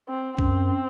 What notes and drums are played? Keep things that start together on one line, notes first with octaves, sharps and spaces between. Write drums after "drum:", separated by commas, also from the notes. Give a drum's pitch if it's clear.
C4
F#2 C4, drum: kick C2